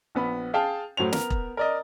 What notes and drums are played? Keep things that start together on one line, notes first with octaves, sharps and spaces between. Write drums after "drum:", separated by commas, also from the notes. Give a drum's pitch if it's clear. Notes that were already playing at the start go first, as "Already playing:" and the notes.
A#1 B3 B5
G#4 F5 G5 A5
A2 F#3 C5 F7
B3 A#4, drum: snare
drum: kick E1
A#4 D5 D#5